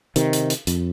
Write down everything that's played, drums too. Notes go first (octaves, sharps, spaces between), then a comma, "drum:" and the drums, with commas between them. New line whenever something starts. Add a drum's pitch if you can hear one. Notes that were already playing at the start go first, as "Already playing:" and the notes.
C3 D#3, drum: hi-hat
drum: hi-hat
drum: hi-hat
F2, drum: hi-hat